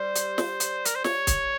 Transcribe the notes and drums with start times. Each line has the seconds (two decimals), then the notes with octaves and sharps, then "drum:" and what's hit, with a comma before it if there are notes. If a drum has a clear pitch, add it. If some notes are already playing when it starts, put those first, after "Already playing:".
Already playing: G3 C5
0.16 drum: hi-hat
0.38 drum: snare
0.60 drum: hi-hat
0.85 A#4, drum: hi-hat
0.95 C5
1.04 C#5, drum: snare
1.27 drum: kick, hi-hat